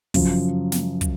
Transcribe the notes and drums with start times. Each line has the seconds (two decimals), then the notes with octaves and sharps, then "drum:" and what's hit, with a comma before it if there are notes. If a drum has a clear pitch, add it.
0.14 F#2 C#3 F3, drum: kick, open hi-hat
0.72 drum: snare
1.01 drum: kick, hi-hat